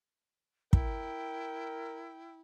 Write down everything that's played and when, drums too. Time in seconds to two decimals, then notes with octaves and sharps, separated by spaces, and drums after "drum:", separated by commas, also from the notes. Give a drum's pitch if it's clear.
0.73 E4 A#4 G5, drum: kick